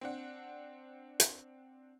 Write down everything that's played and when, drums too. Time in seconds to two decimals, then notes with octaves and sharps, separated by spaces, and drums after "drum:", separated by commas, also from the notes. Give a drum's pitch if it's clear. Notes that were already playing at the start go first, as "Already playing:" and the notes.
0.01 C4 D4 F#5
1.20 drum: hi-hat